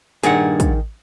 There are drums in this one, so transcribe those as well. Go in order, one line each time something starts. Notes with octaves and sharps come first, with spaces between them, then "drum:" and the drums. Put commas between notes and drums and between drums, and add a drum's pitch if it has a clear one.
G2 A#2 D#3 G#4 F#5, drum: hi-hat
drum: kick, hi-hat